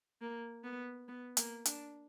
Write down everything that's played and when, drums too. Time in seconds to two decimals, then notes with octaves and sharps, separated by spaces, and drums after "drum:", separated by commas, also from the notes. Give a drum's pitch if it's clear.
0.21 A#3
0.64 B3
1.08 B3
1.37 A#3, drum: hi-hat
1.65 D4, drum: hi-hat